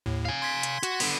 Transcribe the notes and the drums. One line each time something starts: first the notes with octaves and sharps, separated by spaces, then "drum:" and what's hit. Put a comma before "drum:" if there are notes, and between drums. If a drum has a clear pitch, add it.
D#2 A2
F5 G#5
C6 G#6 B6
drum: hi-hat
F#4, drum: hi-hat
D3 B3, drum: open hi-hat